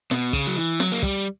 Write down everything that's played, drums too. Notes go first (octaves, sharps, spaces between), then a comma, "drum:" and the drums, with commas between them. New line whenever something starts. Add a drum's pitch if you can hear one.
B2, drum: snare
C#3, drum: kick
F#3
E3
F#3, drum: snare
A#3
G3, drum: kick